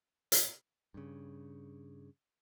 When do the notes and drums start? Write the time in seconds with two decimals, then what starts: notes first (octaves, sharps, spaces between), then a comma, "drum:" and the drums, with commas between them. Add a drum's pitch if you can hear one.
0.32 drum: hi-hat
0.94 G2 C#3